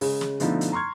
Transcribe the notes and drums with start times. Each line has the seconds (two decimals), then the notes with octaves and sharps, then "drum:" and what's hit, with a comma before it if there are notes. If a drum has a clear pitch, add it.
0.01 C#3 G#3, drum: open hi-hat
0.21 drum: snare
0.40 B2 D3 F3 A3 D#4 E4, drum: hi-hat
0.61 drum: hi-hat
0.72 A#5 C6 C#6 F6 G#6